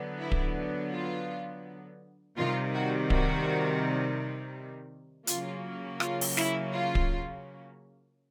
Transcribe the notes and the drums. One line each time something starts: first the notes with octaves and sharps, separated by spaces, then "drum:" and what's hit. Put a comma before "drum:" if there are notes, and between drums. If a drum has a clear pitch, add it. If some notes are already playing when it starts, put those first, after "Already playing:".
Already playing: D3 F#3 B3
E4
drum: kick D1
F4
C3 D#3 G3 F4
F#4
F#4, drum: kick D1
C#3 F#3 A#3 C#4 F4, drum: hi-hat
F4, drum: rim click
drum: open hi-hat
E4, drum: snare
F4
drum: kick D1